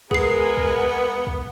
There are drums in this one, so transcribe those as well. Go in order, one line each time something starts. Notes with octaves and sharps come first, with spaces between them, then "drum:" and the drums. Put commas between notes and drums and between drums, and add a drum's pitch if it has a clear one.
G#3 B3 G#4 A#4 G#5 C7, drum: kick
drum: kick
drum: kick